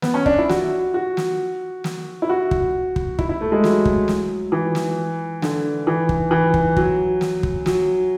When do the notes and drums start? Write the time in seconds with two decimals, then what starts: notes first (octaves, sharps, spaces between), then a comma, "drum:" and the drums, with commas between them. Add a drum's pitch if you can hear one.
0.02 B3, drum: snare
0.14 C#4
0.26 D4, drum: kick
0.39 E4
0.49 F#4, drum: snare
0.94 F#4
1.17 drum: snare
1.84 drum: snare
2.22 E4
2.29 F#4
2.51 drum: kick
2.96 drum: kick
3.19 E4, drum: kick
3.29 E4
3.41 A3
3.52 G#3
3.64 F#3, drum: snare
3.85 drum: kick
4.08 drum: snare
4.52 E3
4.75 drum: snare
5.42 D3, drum: snare
5.87 E3
6.09 drum: kick
6.31 E3
6.54 drum: kick
6.77 F#3, drum: kick
7.21 drum: snare
7.43 drum: kick
7.66 F#3, drum: snare